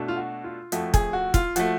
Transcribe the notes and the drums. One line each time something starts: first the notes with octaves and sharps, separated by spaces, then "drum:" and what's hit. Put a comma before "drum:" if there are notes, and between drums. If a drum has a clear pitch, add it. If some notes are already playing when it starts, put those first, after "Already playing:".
Already playing: B2 A3 D4
F4
F#4
F4
F2 F3 A3 F#4, drum: hi-hat
G#4, drum: kick, hi-hat
F#4
F4, drum: kick, hi-hat
F3 A3 F#4, drum: hi-hat